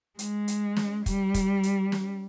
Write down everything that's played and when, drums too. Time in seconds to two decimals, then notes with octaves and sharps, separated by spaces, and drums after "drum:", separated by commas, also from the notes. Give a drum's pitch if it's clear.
0.19 G#3, drum: hi-hat
0.48 drum: hi-hat
0.77 drum: snare
1.06 G3, drum: kick, hi-hat
1.34 drum: kick, hi-hat
1.63 drum: hi-hat
1.92 drum: snare